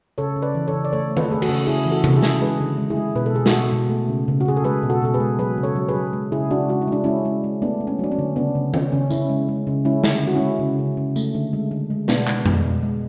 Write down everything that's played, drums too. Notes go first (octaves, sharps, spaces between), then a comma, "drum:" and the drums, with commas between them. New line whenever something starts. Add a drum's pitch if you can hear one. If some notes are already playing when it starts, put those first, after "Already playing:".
C#3 A4 C#5
C#3
B4 D5
E3
A4 C#5
C#3
D5
A3 A4 C#5
A3
B4, drum: tom D#3
A4
A3 G#4 B4
F#4 A4, drum: cymbal
C#3
C#3 E4 G#4
E3
F#4 A4
C#3, drum: tom C3
A4
E4 G#4
C#3, drum: snare
G#3 G#4 B4
D3
G#3
E4 G#4
G#3
B2 B4
A4
B2 G#4
F#4 A4, drum: snare
B2
B2
A3
C#3
C#3
F#4
C#3 G#4
A4
G#3 G#4 B4
B2
F#4 A4
B2 A4
G#4 B4
G#3
F#3 G#4 B4
C#3
A4 C#5
F#3
G#4 B4
F#3
G#3
C#3 E4 G#4
C#3 D4 F#4
G#3 F#4
E4
G#3 D4
G#3 C#4 E4
G#3
G#3
A3 B3 D4
A3
C#4
F#3 D4
C#4
D3
C#3 B3 D4
C#3
C#3 C#4, drum: tom D#3
C#3 C#4
C#3 C#4 E4, drum: tambourine
G#3
G#3
C#3
G#3 C#4 E4
D3, drum: snare
D3 F#4
C#4 E4
G#3
C#3
C#3
C#3
A3, drum: tambourine
D3
G#3
D3
G#3
B2 B3 D4, drum: snare
G#3, drum: clap
G#3, drum: tom F2
B2
G#3